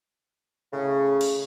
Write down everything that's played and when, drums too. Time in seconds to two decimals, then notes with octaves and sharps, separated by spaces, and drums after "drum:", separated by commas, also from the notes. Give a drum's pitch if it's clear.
0.72 A2 C#3
1.21 drum: cymbal